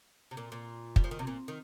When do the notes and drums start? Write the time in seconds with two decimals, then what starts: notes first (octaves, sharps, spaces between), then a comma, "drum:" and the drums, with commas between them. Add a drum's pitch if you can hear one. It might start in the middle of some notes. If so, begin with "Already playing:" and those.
0.31 C3
0.37 A#2
0.52 A#2
0.96 G3, drum: kick
1.04 F3
1.11 D#3
1.19 C3
1.27 A#2
1.48 D#3